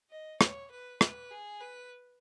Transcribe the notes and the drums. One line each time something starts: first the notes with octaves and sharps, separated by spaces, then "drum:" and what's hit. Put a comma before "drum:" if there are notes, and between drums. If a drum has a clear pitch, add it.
D#5
C#5, drum: rim click
B4
B4, drum: rim click
G#4
B4